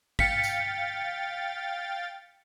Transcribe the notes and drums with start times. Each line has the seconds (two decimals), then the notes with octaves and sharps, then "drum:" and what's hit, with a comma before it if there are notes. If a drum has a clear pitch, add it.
0.19 F5 G5 A6 B6 C#7, drum: kick G#1
0.44 drum: tambourine